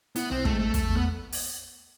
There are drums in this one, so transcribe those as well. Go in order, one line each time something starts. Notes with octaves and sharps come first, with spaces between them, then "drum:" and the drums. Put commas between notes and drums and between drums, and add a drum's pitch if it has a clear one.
B3 E4, drum: hi-hat
B1 C4
G#3 A3, drum: kick
B1 A3
E2 A3, drum: kick, hi-hat
E2
B3
drum: open hi-hat